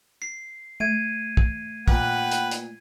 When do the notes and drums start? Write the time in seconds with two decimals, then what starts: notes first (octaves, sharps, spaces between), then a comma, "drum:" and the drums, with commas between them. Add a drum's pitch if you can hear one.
0.22 C7
0.80 A3 G#6 D7 D#7
1.37 drum: kick
1.88 A#2 B4 F#5 G5, drum: kick
2.31 drum: hi-hat
2.51 drum: hi-hat